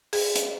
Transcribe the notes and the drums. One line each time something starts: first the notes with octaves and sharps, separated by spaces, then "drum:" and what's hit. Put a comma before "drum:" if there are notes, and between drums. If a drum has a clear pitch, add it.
G#4, drum: open hi-hat
drum: hi-hat